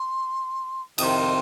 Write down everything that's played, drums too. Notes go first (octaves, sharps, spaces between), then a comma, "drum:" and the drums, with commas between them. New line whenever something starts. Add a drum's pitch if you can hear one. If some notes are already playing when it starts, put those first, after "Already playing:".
Already playing: C6
F2 C3 D#3 C6 D#6, drum: cymbal